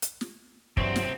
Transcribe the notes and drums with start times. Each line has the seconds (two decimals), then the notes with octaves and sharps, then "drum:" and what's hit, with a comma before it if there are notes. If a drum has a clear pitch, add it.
0.02 drum: hi-hat
0.21 drum: snare
0.77 C2 G2 E3 F#3 C4, drum: kick
0.96 drum: snare